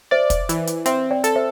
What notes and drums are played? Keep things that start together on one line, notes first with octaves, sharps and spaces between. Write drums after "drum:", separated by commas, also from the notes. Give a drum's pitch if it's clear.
C5 D5 E5
drum: kick, hi-hat
E3, drum: hi-hat
drum: hi-hat
C4 C5 E5, drum: hi-hat
D5 G5
A4, drum: hi-hat
C5 E5